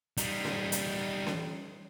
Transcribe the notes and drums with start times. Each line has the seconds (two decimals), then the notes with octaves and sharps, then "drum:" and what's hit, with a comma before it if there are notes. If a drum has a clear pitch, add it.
0.17 G3 D#4, drum: hi-hat
0.45 drum: snare C#4
0.72 drum: hi-hat
1.27 drum: snare C#4